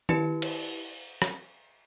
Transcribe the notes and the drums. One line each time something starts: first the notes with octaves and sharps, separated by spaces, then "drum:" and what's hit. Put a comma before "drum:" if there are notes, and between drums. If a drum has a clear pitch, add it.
E4 G4 B4, drum: tom D#3
drum: cymbal
drum: rim click